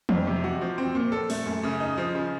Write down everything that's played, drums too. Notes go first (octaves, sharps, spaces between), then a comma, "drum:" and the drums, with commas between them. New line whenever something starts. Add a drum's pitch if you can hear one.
F2, drum: tom E3
C3
F#4
F3
C4
A#2
A4
A3, drum: open hi-hat
F#2
C#3
D#4
F3
C#3